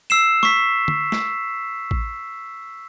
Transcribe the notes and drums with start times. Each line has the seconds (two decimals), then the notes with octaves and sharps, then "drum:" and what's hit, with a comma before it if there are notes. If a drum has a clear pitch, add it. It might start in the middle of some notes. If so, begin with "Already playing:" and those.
0.10 E6 C7 E7
0.43 C#6 B6, drum: snare
0.88 drum: tom
1.12 drum: snare
1.91 drum: kick A1